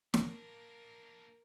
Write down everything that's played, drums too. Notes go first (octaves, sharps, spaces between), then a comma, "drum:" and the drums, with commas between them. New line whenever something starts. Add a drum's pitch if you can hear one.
A#3 D4 A#4, drum: snare